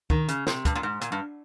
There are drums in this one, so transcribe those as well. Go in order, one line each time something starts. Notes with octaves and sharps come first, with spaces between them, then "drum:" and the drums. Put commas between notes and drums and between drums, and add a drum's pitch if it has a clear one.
D#3, drum: kick
C#3, drum: hi-hat
C3, drum: snare
G2, drum: kick, hi-hat
A#2
G#2
A#2, drum: hi-hat
G2